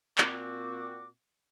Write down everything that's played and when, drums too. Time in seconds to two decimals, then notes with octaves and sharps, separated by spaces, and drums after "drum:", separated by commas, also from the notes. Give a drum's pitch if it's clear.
0.18 A#2 C4 F#4 D6, drum: clap